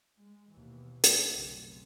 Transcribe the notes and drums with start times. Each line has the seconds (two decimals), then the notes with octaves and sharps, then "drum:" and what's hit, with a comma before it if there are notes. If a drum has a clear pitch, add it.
0.18 G#3
0.50 D#2 B2 E3
1.04 drum: hi-hat
1.30 F1 B1 C#3 F#3 C4